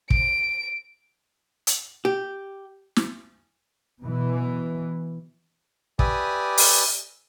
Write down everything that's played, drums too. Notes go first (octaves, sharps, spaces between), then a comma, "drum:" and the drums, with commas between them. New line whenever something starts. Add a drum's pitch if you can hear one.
D7, drum: kick
drum: hi-hat
G4
drum: snare
B2 E3
G4 B4 D5 E5 G#5 D#6, drum: kick
drum: open hi-hat